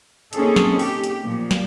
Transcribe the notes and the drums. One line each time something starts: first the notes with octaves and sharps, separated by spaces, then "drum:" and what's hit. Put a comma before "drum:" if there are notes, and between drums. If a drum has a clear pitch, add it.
A#3 C4 C#4 D#4 G#4 A4, drum: hi-hat
drum: snare
G4, drum: open hi-hat
drum: hi-hat
A#2 F3
drum: snare